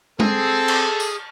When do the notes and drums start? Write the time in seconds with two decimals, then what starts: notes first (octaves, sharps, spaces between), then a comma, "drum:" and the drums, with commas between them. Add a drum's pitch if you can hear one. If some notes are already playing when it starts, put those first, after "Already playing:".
0.20 C4 G#4 A4, drum: tom G#3
0.68 drum: cymbal
1.00 drum: tambourine